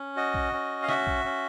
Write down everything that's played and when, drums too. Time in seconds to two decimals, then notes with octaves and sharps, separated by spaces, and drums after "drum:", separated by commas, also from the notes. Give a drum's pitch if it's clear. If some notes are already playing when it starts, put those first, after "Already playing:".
Already playing: C#4
0.16 F#4 D#5
0.34 drum: kick
0.53 C#4
0.83 F5
0.88 F#4 E5, drum: snare
1.07 drum: kick
1.25 C#4